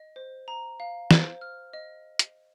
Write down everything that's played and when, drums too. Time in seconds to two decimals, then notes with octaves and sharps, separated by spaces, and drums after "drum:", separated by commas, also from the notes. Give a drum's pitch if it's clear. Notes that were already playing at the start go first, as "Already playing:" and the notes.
Already playing: D#5
0.16 C5
0.48 A#5
0.80 F5
1.11 C5, drum: snare
1.41 F6
1.73 D#5
2.19 drum: hi-hat